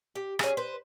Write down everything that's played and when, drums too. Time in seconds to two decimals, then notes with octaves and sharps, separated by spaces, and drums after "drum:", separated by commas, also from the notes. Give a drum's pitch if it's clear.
0.16 G4
0.39 C#4 G#4, drum: rim click
0.57 B4 C5